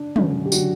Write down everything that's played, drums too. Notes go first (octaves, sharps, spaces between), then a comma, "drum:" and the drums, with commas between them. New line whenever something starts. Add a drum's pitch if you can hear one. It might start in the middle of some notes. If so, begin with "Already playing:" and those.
Already playing: D4
F#2 D3 F#3, drum: tom
G4
D3 F#3 F#4, drum: tambourine